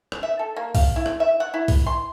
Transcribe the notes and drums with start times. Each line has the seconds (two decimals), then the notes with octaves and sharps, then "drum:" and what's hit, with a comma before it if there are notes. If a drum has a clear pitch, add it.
0.12 drum: rim click
0.23 E5
0.39 A4
0.56 A#3
0.75 F5, drum: kick B1, open hi-hat
0.96 E4
1.06 drum: rim click
1.20 E5
1.40 F#5
1.54 E4
1.68 drum: kick B1, open hi-hat
1.86 C6